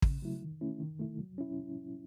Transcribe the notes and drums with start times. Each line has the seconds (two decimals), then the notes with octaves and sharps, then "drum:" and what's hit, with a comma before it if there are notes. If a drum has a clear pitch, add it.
0.02 C#3, drum: kick
0.22 F#3 A3 E4
0.42 D#3
0.61 A3 C#4 E4
0.80 D#3
0.99 A3 E4
1.19 F#3
1.38 C#4 E4